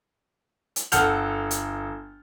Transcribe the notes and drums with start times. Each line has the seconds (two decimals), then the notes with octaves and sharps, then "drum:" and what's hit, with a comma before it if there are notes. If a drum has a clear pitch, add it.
0.76 drum: hi-hat
0.92 G1 A4 F#5 F6 G6 F7, drum: hi-hat
1.51 drum: hi-hat